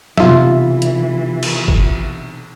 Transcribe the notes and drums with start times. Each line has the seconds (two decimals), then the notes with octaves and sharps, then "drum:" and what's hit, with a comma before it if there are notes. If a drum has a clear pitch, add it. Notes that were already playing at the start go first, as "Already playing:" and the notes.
0.18 B1 C3 E3 F4 E5, drum: snare
0.82 drum: hi-hat
1.43 drum: cymbal
1.68 drum: kick